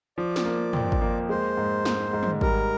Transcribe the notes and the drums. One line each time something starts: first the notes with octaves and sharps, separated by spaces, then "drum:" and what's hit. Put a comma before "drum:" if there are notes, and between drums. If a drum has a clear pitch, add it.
F3 D5
drum: snare
A#3
F2, drum: tom
drum: kick
A#3
G#3 C5
G#2
G#2, drum: snare
G#2
drum: tom
G3 A#4, drum: kick